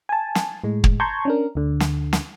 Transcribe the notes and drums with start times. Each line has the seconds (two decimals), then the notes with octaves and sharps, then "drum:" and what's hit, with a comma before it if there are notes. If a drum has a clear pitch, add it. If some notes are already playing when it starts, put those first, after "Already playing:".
0.09 G#5 A5
0.35 drum: snare
0.64 A2 G#3
0.84 drum: kick
1.00 A5 A#5 C6 C#6 G6 G#6
1.25 C#4 D4 A#4
1.55 D2 D3
1.80 drum: snare
2.13 drum: snare